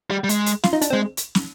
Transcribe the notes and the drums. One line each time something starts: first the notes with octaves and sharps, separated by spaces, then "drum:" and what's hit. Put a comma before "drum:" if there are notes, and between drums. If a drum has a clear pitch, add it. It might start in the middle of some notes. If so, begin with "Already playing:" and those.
G3
G3
G#3, drum: hi-hat
drum: hi-hat
F4, drum: snare
D#4
D4, drum: hi-hat
C4
G#3
drum: hi-hat
drum: snare